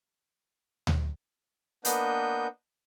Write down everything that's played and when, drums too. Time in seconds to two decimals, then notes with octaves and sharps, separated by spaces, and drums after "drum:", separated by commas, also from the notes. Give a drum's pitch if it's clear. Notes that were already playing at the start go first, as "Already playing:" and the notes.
0.87 drum: tom D2
1.85 A#3 B3 D4 B4 D#5 G6, drum: hi-hat